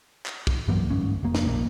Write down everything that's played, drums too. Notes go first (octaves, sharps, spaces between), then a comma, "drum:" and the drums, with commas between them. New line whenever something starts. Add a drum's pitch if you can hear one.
drum: clap
drum: kick
G2 E3 F#3 A#3
G1 G#2 C#4
F1 A#3
drum: snare
D#1 A#1 A#3